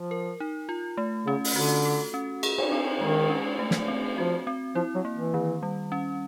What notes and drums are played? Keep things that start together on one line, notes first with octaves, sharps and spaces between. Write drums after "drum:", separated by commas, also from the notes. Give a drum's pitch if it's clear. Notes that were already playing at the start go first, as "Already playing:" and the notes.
Already playing: F3
A#4
D#4
F4
A3
C#3 C#4
drum: open hi-hat
D3 F#4
A4
C#4
G#4, drum: cymbal
drum: cymbal
C4
D#3 G#3
C#4
A3
drum: snare
C4
F3 F#4
C4
F3 E4
F#3
A#3
E3
D#3
G3
C#4